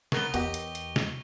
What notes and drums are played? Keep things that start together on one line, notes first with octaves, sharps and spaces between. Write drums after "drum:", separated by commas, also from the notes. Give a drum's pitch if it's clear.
B3 A#4 C#6 G7, drum: snare
E2 B3 F#4 G4 D#5 F#5, drum: hi-hat
drum: hi-hat
drum: hi-hat
drum: snare